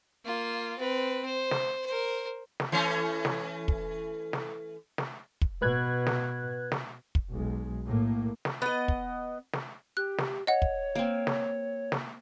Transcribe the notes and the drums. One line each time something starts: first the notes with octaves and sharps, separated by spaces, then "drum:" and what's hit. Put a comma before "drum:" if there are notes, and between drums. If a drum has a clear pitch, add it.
A#3 F4
C4 B4
C5
drum: snare
A#4 C5
drum: snare
E3 A3 C#4
drum: snare
drum: kick
drum: snare
drum: snare
drum: kick
B2 B4 F#6 G#6
drum: snare
drum: snare
drum: kick
B1 G#3
A2 A#3
drum: snare
B3 D#5
drum: kick
drum: snare
G4 F#6
drum: snare
C#5 D#5 F#5
drum: kick
A#3 C4
drum: snare
drum: snare